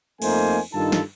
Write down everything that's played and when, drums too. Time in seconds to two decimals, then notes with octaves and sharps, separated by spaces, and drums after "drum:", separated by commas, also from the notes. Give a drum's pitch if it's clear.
0.22 F2 A3 A#3 D#4 C5 G#5, drum: cymbal
0.74 G2 D#3 D#4 F4 A4 A5
0.92 drum: snare